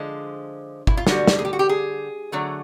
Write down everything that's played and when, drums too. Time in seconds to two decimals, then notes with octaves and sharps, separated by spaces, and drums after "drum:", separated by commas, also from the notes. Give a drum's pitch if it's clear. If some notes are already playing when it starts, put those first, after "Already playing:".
Already playing: D3 F3 G#3
0.87 E4, drum: kick
0.97 F4
1.07 D3 G3 F#4, drum: snare
1.27 drum: snare
1.39 G#4
1.45 G4
1.53 F#4
1.59 G4
1.69 G#4
2.32 D3 F#3 A3